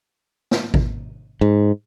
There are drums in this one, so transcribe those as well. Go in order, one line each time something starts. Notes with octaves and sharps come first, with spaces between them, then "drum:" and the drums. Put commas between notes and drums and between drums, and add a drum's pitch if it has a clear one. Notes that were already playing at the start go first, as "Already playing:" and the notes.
drum: snare
drum: kick G#1
G#2